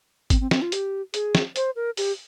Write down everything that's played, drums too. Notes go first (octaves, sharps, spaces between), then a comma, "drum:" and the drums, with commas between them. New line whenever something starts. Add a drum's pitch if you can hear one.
C4, drum: kick, hi-hat
C4
C4, drum: snare
F4
G4, drum: hi-hat
G#4, drum: hi-hat
drum: snare
C5, drum: hi-hat
A#4
G4, drum: open hi-hat